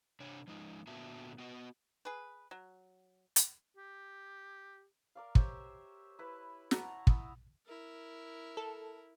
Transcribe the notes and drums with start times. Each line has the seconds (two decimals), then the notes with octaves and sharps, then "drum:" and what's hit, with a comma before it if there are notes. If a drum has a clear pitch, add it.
0.20 C3 D4 C#5
0.48 F3 G#3 D#4
0.87 A#2 D3 B3 F#4 E5 A5
1.38 B3 F#4 D#5
2.05 G#4 B4
2.51 F#3
3.36 drum: hi-hat
3.77 G4
5.15 A#4 D5 F5
5.35 G4 C5 C#5 E5, drum: kick
6.19 E4 B4
6.71 F#5 A5 A#5 C#6, drum: snare
7.07 E4 D#6 E6, drum: kick
7.67 E4 A#4
8.57 A4